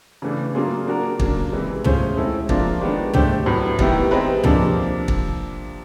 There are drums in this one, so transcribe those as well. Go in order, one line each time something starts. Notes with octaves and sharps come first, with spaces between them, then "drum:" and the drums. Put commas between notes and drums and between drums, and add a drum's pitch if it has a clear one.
C#3 E3 A3 D4
F#3 A#3 D4 F4 G#4
A#3 D4 F#4 A#4
C#3 F#3 A#3 D4, drum: kick
C3 E3 G#3
A3 C#4 F4 G#4 C5, drum: tom
G#3 C4 E4 A4
F3 A#3 D4 F4, drum: kick
D#3 G#3 B3 D4
A3 D4 G4 C5, drum: tom
A2 F#3 B3
D#3 G3 B3 E4 G4, drum: kick
G3 C4 D#4 G#4 B4
C3 F3 A#3 D4, drum: tom
drum: kick